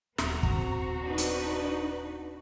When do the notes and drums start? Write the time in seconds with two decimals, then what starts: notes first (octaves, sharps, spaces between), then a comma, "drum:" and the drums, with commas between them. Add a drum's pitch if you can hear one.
0.18 D#1 C4 F#4 A#5, drum: snare
0.43 drum: kick
1.03 D4 D#4 B4
1.18 drum: hi-hat